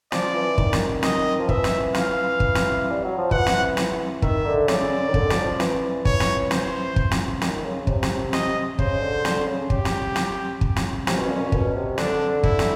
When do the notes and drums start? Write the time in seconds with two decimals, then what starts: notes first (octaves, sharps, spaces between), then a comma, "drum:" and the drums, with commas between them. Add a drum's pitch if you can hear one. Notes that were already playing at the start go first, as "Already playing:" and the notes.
0.12 F3 D5, drum: snare
0.35 E3
0.58 D#3, drum: kick
0.73 drum: snare
1.03 D#5, drum: snare
1.40 F3
1.49 E3 E5, drum: kick
1.64 drum: snare
1.94 F5, drum: snare
2.40 drum: kick
2.55 drum: snare
2.91 G3
3.04 F#3
3.18 F3
3.31 E3 F#5, drum: kick
3.46 drum: snare
3.77 drum: snare
4.22 D#3 E5, drum: kick
4.46 D3
4.68 C#3 D5, drum: snare
5.09 D#3
5.14 D3, drum: kick
5.30 F#3, drum: snare
5.37 F3
5.60 E3, drum: snare
6.05 C#5, drum: kick
6.20 drum: snare
6.51 C5, drum: snare
6.96 drum: kick
7.11 drum: snare
7.41 D#3, drum: snare
7.65 C#3
7.87 C3, drum: kick
8.03 drum: snare
8.33 D#5, drum: snare
8.79 C#3 C5, drum: kick
9.02 D3
9.25 D3, drum: snare
9.47 C#3
9.70 G4, drum: kick
9.85 drum: snare
10.16 drum: snare
10.61 drum: kick
10.76 drum: snare
11.07 C3 C#4, drum: snare
11.18 B2
11.29 A#2
11.36 B2
11.41 A#2
11.52 B2, drum: kick
11.75 C3
11.98 D3 D4, drum: snare
12.43 E4, drum: kick
12.59 drum: snare